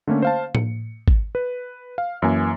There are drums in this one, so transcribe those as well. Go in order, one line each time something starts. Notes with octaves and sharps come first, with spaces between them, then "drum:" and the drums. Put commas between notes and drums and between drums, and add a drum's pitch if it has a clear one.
D3 A3 A#3 C#4
C5 F5 A5
C#7, drum: tom A2
drum: kick
B4
F5
F#2 E3 A#3 G#5